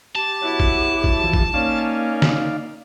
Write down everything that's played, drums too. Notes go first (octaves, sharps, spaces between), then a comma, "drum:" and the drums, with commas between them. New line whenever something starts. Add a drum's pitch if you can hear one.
G4 A5
B2 F#3 E4 F#5
drum: kick
drum: kick
E3 F3
drum: kick
A#3 C#4 D#4 D5 F5
drum: snare